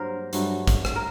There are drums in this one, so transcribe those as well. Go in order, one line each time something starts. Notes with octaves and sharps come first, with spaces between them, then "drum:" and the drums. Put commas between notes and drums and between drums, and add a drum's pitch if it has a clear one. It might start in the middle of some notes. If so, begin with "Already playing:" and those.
Already playing: G2 F#3 A#3 A#4 C5
G2 F#3 A3, drum: hi-hat
drum: kick, hi-hat
drum: rim click
A#4